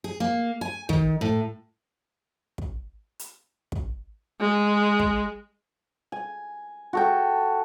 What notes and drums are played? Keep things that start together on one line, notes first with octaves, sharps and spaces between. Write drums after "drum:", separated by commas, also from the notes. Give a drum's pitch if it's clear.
G#4
A#3
G#5
D#3, drum: kick
A2
drum: kick
drum: hi-hat
drum: kick
G#3
drum: kick
G#5
F#4 A4 G5